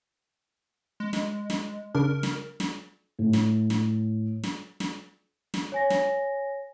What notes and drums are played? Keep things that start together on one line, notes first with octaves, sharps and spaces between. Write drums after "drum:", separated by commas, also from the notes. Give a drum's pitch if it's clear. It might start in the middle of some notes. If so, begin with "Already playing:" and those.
G#3
drum: snare
drum: snare
C#3 D4 A#4
drum: snare
drum: snare
A2
drum: snare
drum: snare
drum: snare
drum: snare
drum: snare
C#5 G#5 A#6
drum: snare